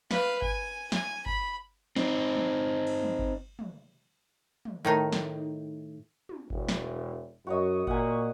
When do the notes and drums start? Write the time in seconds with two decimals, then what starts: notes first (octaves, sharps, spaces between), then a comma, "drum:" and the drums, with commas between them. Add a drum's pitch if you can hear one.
0.11 B4 F5, drum: snare
0.42 G#5, drum: kick G1
0.92 G#5, drum: snare
1.26 B5, drum: kick G1
1.96 C4 D#4, drum: snare
2.36 drum: tom
2.87 drum: cymbal
3.02 drum: tom
3.19 drum: kick G1
3.59 drum: tom
4.65 drum: tom
4.85 A2 D#3 D#4
5.12 drum: snare
6.29 drum: tom
6.50 E1, drum: kick G1
6.69 drum: snare
7.47 F#2 F#4 C#5 D#5
7.87 A#2 F#5 G#5, drum: kick G1